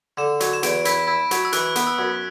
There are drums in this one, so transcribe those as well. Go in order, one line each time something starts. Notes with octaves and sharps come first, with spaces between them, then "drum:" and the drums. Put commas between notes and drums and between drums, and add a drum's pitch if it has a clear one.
D3 E7
F#3, drum: hi-hat
E7
E2 D7, drum: hi-hat
E4 B6, drum: hi-hat
E4
F#3, drum: hi-hat
E6
E3 F#6, drum: hi-hat
B3, drum: hi-hat
E6
F#2